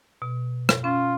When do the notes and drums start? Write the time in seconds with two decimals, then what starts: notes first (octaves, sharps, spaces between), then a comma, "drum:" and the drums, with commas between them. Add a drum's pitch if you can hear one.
0.22 B2
0.69 drum: rim click
0.84 C#4 F4